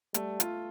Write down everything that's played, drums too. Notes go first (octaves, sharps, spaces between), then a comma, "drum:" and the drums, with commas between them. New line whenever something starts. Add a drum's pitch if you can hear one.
G3 A3, drum: hi-hat
F4, drum: hi-hat